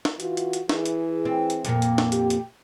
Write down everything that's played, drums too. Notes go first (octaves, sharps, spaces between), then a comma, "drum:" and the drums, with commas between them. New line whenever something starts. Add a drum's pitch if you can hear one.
drum: snare
E3 F4 F#4, drum: hi-hat
drum: hi-hat
drum: hi-hat
E3 E4 G#4, drum: snare
drum: hi-hat
C4
drum: hi-hat
F2 A#2 A#3, drum: hi-hat
drum: hi-hat
drum: snare
G4, drum: hi-hat
drum: hi-hat